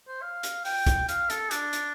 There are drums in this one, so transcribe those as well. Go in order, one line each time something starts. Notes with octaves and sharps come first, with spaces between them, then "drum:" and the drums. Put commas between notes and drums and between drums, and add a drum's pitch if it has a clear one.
C5
F5
drum: hi-hat
G5, drum: open hi-hat
drum: kick, hi-hat
F5, drum: hi-hat
A4, drum: hi-hat
D4, drum: hi-hat
drum: hi-hat